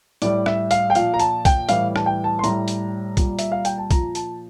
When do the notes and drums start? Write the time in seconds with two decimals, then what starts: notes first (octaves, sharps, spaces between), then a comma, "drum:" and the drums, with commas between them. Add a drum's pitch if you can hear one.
0.22 A2 G3 D5, drum: hi-hat
0.46 E5, drum: rim click
0.71 F5, drum: hi-hat
0.90 G5
0.95 A#2 F3 F5, drum: hi-hat
1.14 A#5
1.20 A5, drum: hi-hat
1.45 G5, drum: kick, hi-hat
1.69 A2 E3 G3 F5, drum: hi-hat
1.96 A5, drum: rim click
2.06 G5
2.24 A5
2.39 C6
2.44 A2 G3 A#5, drum: hi-hat
2.68 drum: hi-hat
3.17 A#2 G3, drum: kick, hi-hat
3.39 E5, drum: hi-hat
3.52 F5
3.65 G5, drum: hi-hat
3.78 A5
3.91 A#2 F3 A#5, drum: kick, hi-hat
4.15 A5, drum: hi-hat